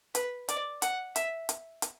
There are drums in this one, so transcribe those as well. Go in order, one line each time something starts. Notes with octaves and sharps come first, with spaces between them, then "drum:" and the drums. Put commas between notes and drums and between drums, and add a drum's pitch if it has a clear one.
B4, drum: hi-hat
D5, drum: hi-hat
F#5, drum: hi-hat
E5, drum: hi-hat
drum: hi-hat
drum: hi-hat